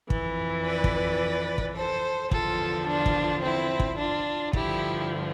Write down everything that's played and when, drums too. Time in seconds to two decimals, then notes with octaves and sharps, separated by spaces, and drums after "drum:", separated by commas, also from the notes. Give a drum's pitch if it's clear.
0.10 F2 E3, drum: kick
0.65 B4 D5
0.84 drum: kick
1.58 drum: kick
1.76 A4 C5
2.31 E2 D3 F3 F4 A4, drum: kick
2.87 D4 F4
3.06 drum: kick
3.42 C4 E4
3.80 drum: kick
3.98 D4 F4
4.53 G2 D3 F3 E4 G4, drum: kick